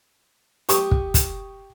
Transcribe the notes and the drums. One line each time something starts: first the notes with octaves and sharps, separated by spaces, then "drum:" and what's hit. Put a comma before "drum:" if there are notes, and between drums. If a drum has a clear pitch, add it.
G4 C#6 D#6, drum: hi-hat
drum: kick
drum: kick, hi-hat